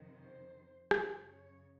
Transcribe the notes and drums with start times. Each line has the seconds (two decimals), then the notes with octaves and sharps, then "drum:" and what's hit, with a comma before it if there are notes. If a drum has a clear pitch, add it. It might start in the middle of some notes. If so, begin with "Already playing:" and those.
Already playing: F2 C3 D#3
0.19 C5
0.91 F#2 C#3 C5, drum: rim click
1.28 C#5